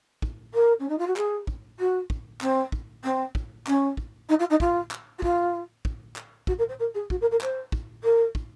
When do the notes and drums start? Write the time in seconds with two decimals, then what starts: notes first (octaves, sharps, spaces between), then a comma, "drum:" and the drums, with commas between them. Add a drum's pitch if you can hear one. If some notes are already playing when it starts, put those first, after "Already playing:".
0.22 drum: kick
0.53 A#4
0.79 C#4
0.88 D#4
0.98 F4
1.07 F#4
1.16 G#4, drum: clap
1.47 drum: kick
1.79 F#4
2.10 drum: kick
2.41 C4, drum: clap
2.72 drum: kick
3.04 C4
3.35 drum: kick
3.67 C#4, drum: clap
3.97 drum: kick
4.29 D#4
4.39 F4
4.50 D#4
4.60 F4, drum: kick
4.91 drum: clap
5.18 F#4
5.22 F4, drum: kick
5.85 drum: kick
6.16 drum: clap
6.47 F#4, drum: kick
6.58 A#4
6.68 C5
6.79 A#4
6.94 G#4
7.10 F#4, drum: kick
7.20 A#4
7.31 A#4
7.41 C5, drum: clap
7.72 drum: kick
8.03 A#4
8.35 drum: kick